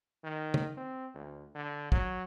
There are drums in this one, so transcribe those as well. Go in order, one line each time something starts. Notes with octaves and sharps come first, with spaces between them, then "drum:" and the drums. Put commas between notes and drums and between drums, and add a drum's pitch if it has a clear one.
D#3
drum: tom
C4
D2
D3
F#3, drum: kick